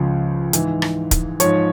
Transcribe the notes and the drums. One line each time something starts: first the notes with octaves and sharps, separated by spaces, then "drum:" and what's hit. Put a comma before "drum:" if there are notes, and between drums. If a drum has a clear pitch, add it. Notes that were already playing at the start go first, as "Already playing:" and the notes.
Already playing: C#2 C#3 F3
G#2 E3, drum: hi-hat
drum: rim click
drum: kick, hi-hat
G#2 F3 C#5, drum: hi-hat